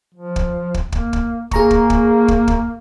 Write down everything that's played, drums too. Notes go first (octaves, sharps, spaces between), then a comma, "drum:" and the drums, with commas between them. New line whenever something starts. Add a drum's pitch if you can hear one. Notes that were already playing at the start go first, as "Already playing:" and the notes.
F3
drum: kick
drum: kick
A#3, drum: kick
drum: kick
A#3 G#4 A#5 C#6, drum: kick
drum: kick
drum: kick
drum: kick
drum: kick